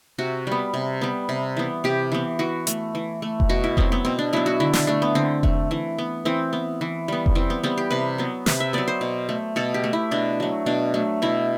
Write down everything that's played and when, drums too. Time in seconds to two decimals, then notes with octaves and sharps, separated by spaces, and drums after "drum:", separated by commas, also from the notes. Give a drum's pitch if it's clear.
0.18 C3 F#4
0.47 G3 B3
0.74 C3
1.01 G3 B3
1.29 C3
1.57 E3 B3
1.84 C3 G4
2.12 E3 B3
2.39 E3 F#4
2.67 A3, drum: hi-hat
2.95 E3
3.22 A3
3.40 drum: kick F1
3.49 B2 F#4
3.64 E4
3.77 F#3 B3 C4, drum: kick F1
3.92 B3
4.05 B2 C4
4.19 D4
4.33 F#3 B3 E4
4.46 F#4
4.60 D3 E4
4.73 D4, drum: snare
4.87 A3 D4
5.02 B3
5.15 D3 C4
5.43 A3, drum: kick F1
5.71 E3
5.98 B3
6.25 E3 C4
6.53 B3
6.81 E3
7.08 G3 B3
7.26 drum: kick F1
7.35 E3 C4
7.50 B3
7.63 G3 B3 C4
7.78 G4
7.91 C3 B4
8.18 F#3 B3
8.46 C3 B4, drum: snare
8.60 E5
8.73 F#3 B3 D5
8.88 C5
9.01 B2
9.29 A3
9.56 B2 A4
9.74 G4
9.84 A3
9.93 E4
10.11 B2 D4
10.40 F#3 A3
10.66 B2 D4
10.94 F#3 A3
11.22 B2 E4